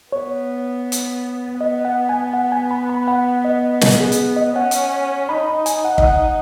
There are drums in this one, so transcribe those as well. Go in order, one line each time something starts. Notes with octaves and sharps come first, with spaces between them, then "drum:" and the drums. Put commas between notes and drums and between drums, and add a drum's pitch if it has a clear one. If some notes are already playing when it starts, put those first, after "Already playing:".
B3 C#5
drum: hi-hat
B3 D#5
F#5
G#5
F#5
G#5
B5
B5
F#5
D#5
D#5, drum: snare
G#4
drum: hi-hat
D#5
C#4 F#5
drum: hi-hat
D#4 B5
G#5, drum: hi-hat
F#5
D#5, drum: kick
F#5